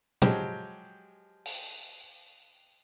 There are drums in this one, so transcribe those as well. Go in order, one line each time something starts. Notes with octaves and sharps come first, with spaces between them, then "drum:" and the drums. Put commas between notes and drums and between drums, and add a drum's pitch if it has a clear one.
F3 F#3 G#3 G4, drum: tom A#2
drum: open hi-hat